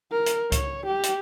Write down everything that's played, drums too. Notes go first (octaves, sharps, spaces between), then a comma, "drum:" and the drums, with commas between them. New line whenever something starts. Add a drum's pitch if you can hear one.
A#4
drum: hi-hat
C#5, drum: kick C#2, hi-hat
G4
drum: hi-hat